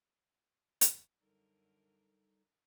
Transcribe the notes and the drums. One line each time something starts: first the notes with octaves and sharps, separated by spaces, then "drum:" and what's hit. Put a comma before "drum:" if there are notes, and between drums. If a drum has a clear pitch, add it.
drum: hi-hat
F#2 D3 G3 D#4 A4 A#4